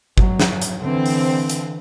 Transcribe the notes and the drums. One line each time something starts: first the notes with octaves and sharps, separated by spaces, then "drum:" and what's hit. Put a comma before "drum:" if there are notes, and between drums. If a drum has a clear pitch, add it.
F#3, drum: kick G1
drum: snare
drum: hi-hat
D3 E3 C4
drum: open hi-hat
drum: hi-hat